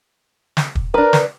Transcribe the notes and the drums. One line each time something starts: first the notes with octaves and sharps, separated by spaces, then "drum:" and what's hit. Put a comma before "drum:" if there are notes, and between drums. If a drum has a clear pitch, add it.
drum: snare
drum: kick
D4 A#4 B4
drum: snare